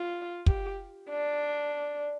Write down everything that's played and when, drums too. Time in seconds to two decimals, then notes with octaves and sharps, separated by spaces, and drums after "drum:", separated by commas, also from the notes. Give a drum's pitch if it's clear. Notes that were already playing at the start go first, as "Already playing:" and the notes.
Already playing: F4
0.46 G4, drum: kick
1.10 D4